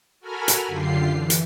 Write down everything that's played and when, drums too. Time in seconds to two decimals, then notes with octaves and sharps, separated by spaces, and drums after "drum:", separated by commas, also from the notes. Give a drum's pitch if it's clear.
0.20 F#4 A4 A#4 G#5 B5 F6
0.48 drum: hi-hat
0.67 F#2 D3 F4 G4 C7
1.09 E3
1.30 drum: hi-hat